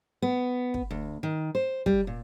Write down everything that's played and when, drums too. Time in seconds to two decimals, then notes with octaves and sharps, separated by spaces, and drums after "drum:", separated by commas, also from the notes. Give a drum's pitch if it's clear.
0.22 B3
0.74 drum: kick
0.91 D2
1.23 D#3
1.55 C5
1.86 G3, drum: kick
2.07 A#2